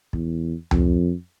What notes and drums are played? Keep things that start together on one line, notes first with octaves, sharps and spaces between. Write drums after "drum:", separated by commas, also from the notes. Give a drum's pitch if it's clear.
E2, drum: kick
F2, drum: tom C#2